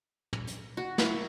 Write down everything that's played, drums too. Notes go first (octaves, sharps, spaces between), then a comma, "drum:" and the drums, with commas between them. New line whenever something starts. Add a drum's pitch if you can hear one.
drum: tom
drum: hi-hat
F#4
E4, drum: snare